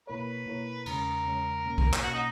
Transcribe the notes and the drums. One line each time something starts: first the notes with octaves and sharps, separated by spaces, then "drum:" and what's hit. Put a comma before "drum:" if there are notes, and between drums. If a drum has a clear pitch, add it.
B2 A#3 E4 A#4 B4 C#5
B2 A#3 E4 A#4 C#5
E2 C#3 G#3 C#4 A#4, drum: cymbal
E2 C#3 G#3 C#4
B2 A#3 C#4
drum: kick B1
drum: clap
B2 A#3 C#4 F#4
D#4